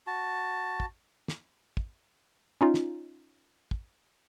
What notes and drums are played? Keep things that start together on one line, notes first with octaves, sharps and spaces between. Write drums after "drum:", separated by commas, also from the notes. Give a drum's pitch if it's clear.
F#4 A5
drum: kick
drum: snare
drum: kick
C#4 D#4 F4
drum: snare
drum: kick